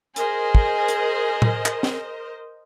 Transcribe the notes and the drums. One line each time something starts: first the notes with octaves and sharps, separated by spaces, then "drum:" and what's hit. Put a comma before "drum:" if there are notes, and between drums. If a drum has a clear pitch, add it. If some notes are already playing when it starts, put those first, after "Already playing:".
G#4 A#4 C5 D#5 G#5, drum: hi-hat
drum: kick
drum: hi-hat
drum: tom A2
drum: clap
drum: snare